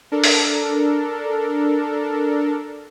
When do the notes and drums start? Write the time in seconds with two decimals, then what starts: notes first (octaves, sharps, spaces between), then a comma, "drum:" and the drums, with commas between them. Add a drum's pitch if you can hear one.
0.12 D4 A4 A#4
0.24 drum: open hi-hat